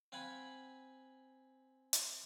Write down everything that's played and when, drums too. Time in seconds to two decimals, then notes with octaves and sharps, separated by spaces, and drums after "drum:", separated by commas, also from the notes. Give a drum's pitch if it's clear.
0.12 C4 F5 F#5 G#5 B5
1.93 drum: hi-hat